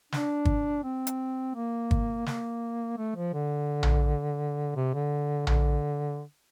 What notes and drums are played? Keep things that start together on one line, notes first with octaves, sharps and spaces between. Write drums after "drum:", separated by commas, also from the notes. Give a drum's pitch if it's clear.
D4, drum: snare
drum: kick
C4
drum: hi-hat
A#3
drum: kick
A#3, drum: snare
A3
F3
D3
drum: tom A#1
C3
D3
D3, drum: tom A#1